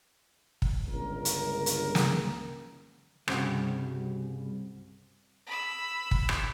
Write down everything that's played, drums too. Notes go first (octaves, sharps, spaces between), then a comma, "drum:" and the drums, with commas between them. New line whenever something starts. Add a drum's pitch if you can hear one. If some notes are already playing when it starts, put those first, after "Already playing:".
drum: kick
G1 C#2 A#4
drum: hi-hat
drum: hi-hat
drum: snare
C2 G2 C#3 G3 C4 F#4, drum: rim click
B5 E6
drum: kick
drum: rim click